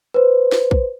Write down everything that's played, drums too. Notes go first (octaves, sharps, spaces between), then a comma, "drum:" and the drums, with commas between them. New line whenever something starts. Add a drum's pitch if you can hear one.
B4 C5
drum: snare
drum: kick